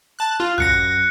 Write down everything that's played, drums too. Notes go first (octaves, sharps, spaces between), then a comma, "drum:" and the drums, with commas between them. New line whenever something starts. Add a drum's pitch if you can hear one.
A5 F#6
F4
F#2 F#6 A#6 C#7, drum: tom B1